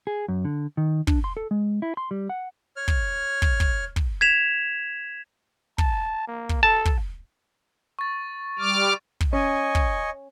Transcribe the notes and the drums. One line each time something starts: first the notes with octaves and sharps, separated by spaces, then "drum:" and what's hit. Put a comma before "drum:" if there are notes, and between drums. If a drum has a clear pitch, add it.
G#4
F#2
D3
D#3
D4, drum: kick
C6
A4
G#3
E4
C6
G3
F#5
C#5 F6
drum: kick
drum: kick
drum: kick
drum: kick
G#6 B6 E7 F7
A5, drum: kick
A#3
drum: kick
A4 A5
drum: kick
C#6 A6
G3 D6 F6
drum: kick
C#4 D#5 G#5 C#6
drum: kick